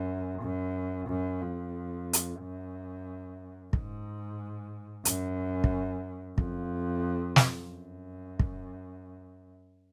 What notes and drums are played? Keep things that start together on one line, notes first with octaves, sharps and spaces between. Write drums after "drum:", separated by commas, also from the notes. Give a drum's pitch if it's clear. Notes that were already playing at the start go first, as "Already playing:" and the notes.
Already playing: F#2
F#2
F#2
F2
drum: hi-hat
F#2
G#2, drum: kick
F#2, drum: hi-hat
drum: kick
F2, drum: kick
drum: snare
F#2
drum: kick